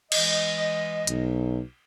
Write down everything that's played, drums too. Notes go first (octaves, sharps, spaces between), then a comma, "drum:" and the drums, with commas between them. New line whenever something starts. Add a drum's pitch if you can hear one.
E3 G#3 D#5, drum: cymbal
B1, drum: hi-hat